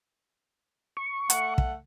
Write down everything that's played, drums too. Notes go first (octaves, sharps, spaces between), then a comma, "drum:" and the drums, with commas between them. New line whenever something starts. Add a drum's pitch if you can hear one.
C#6
A3 F#5, drum: hi-hat
drum: kick